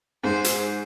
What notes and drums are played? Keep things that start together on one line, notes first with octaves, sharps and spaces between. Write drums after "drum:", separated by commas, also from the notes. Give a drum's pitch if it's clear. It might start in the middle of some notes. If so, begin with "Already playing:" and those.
G#2 C5
drum: hi-hat